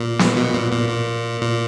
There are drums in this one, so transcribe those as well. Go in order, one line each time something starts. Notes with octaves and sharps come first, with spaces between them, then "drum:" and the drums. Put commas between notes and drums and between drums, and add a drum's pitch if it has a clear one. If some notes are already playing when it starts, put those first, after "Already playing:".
Already playing: A#2
drum: snare
B2
A#2
A#2
A#2
A#2